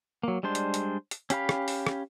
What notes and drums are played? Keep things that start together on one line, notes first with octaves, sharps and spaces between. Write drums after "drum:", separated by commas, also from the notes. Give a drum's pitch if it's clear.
F#3 A#3
G3 G#3 D4 C5
drum: hi-hat
drum: hi-hat
drum: hi-hat
C#4 G4 F5 B5, drum: hi-hat
drum: rim click
drum: open hi-hat
drum: rim click